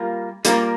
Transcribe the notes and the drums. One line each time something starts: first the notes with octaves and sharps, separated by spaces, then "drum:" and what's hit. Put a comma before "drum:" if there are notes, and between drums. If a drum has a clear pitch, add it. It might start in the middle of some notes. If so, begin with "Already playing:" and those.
Already playing: G3 A#3 F4 A#4
G3 A#3 F4 A#4, drum: hi-hat